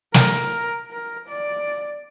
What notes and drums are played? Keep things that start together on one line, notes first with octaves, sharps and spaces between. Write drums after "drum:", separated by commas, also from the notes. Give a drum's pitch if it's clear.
A#4, drum: snare
A#4
D5